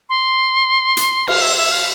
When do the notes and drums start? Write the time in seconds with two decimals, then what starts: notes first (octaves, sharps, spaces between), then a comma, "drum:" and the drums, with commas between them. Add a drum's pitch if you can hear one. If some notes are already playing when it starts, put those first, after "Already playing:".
0.09 C6
0.97 drum: hi-hat
1.28 F5, drum: cymbal
1.42 E5
1.57 E5
1.72 F5